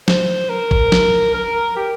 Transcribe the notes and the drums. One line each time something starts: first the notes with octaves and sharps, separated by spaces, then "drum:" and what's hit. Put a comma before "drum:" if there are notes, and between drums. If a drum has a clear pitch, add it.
C5, drum: snare
A#4
drum: kick G#1
drum: snare
A#4
G4